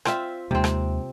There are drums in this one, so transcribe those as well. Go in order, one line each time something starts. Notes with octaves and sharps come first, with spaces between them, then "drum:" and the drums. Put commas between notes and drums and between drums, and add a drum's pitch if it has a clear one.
C4 F4 E5, drum: rim click
D#2 C3 G#3 C4
drum: rim click